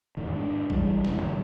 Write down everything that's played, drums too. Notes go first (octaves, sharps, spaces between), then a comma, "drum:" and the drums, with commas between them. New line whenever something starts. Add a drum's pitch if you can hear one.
E2 A2 D#3
G#2 D4
E3 G3 G#3, drum: kick
F1 C#3 E3 C#4, drum: snare
A2 D3 F#3 G3